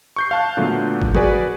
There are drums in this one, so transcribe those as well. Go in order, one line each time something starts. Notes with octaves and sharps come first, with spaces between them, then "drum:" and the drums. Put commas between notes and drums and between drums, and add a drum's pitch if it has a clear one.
C#6 G6 C7
F5 A5 F#6
A#2 D3 F#3 A3 B3
drum: kick G1
F#4 G#4 A#4 B4 D5 G#5, drum: tom F3